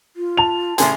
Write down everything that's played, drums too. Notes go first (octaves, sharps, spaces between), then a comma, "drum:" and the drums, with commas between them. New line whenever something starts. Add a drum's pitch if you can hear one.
F4
A5 F7
A1 C#3 G#4 C6, drum: hi-hat